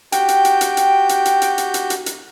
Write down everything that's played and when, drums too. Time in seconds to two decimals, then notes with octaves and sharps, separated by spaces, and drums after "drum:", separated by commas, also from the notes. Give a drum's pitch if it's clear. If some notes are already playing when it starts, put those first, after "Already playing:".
0.12 F#4 G4 G5 G6, drum: hi-hat
0.28 drum: hi-hat
0.45 drum: hi-hat
0.61 drum: hi-hat
0.77 drum: hi-hat
1.09 drum: hi-hat
1.25 drum: hi-hat
1.42 drum: hi-hat
1.58 drum: hi-hat
1.74 drum: hi-hat
1.90 drum: hi-hat
2.06 drum: hi-hat